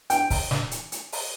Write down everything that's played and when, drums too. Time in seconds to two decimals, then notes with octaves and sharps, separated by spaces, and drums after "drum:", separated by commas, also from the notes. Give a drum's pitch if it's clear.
0.10 G5, drum: hi-hat
0.30 drum: kick, open hi-hat
0.51 drum: snare
0.71 drum: hi-hat
0.92 drum: hi-hat
1.12 drum: open hi-hat